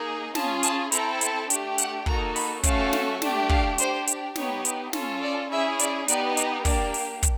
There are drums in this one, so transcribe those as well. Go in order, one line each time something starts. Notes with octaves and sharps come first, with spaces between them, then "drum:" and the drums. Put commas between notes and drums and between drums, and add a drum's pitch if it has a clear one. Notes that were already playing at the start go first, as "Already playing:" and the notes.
Already playing: A#3 D#4 G#4
C#4 F4 G#4 A5, drum: snare
A5, drum: hi-hat
C4 E4 A4 A#5, drum: hi-hat
A5, drum: hi-hat
A3 D4 G4, drum: hi-hat
F#5, drum: hi-hat
A#3 D#4 F#4 A4 A#5, drum: kick
B5, drum: open hi-hat
A3 C#4 F#4 A4 F5, drum: kick, hi-hat
drum: snare
A3 D4 G4, drum: snare
F5, drum: kick
D4 G4 C5, drum: hi-hat
drum: hi-hat
B3 D#4 G4 C#5, drum: snare
drum: hi-hat
C#4 F4 A4, drum: snare
D5
C#4 E4 G#4 E5
D5, drum: hi-hat
B3 D#4 G4 D5, drum: hi-hat
D#5, drum: hi-hat
A#3 D4 G4 D5, drum: kick, open hi-hat
drum: open hi-hat
drum: kick, hi-hat